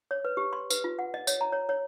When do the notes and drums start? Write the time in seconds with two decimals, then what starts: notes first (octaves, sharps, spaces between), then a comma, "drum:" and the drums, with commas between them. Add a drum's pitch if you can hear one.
0.11 C#5
0.25 B4
0.37 G4
0.53 C6
0.70 B4, drum: tambourine
0.84 F4
0.99 F#5
1.14 D#5
1.27 C#5, drum: tambourine
1.41 A#5
1.52 C#5
1.69 C#5